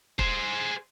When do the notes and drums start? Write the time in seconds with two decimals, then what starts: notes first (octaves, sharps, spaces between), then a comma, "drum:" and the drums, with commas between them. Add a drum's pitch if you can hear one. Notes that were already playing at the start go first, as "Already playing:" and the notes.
0.19 G#4 C5, drum: kick